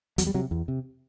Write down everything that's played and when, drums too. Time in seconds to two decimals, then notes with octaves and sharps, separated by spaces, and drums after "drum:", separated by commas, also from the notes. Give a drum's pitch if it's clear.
0.18 E2 F#3, drum: hi-hat
0.27 G3
0.34 C3 F#3
0.51 E2
0.68 C3